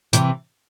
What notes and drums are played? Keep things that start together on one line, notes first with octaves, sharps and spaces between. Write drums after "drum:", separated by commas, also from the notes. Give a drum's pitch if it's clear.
C3 E3, drum: hi-hat